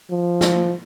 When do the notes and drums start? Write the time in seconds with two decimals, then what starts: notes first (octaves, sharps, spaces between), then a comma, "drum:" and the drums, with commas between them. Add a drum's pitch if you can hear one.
0.11 F3
0.41 drum: snare